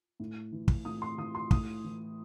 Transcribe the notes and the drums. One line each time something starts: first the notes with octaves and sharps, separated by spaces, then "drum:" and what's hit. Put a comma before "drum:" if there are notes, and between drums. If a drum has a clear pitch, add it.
A2
E3
drum: kick
A2 D#6
C6
E3 D#6
C6
A2 D#6, drum: kick
E3